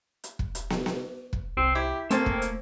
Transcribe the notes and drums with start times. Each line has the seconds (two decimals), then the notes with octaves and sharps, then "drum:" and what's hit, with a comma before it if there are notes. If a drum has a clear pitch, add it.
0.24 drum: hi-hat
0.39 drum: kick
0.55 drum: hi-hat
0.70 drum: snare
0.86 drum: snare
1.33 drum: kick
1.57 C2 C4
1.75 E4 G4
2.11 A3 A#3 C4 C#4 C5 A5, drum: hi-hat
2.26 drum: kick
2.42 drum: hi-hat